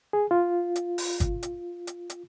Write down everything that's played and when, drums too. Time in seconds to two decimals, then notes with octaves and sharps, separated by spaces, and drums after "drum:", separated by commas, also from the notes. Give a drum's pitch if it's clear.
0.13 G#4
0.31 F4
0.76 drum: hi-hat
0.98 drum: open hi-hat
1.20 drum: kick G1, hi-hat
1.43 drum: hi-hat
1.87 drum: hi-hat
2.10 drum: hi-hat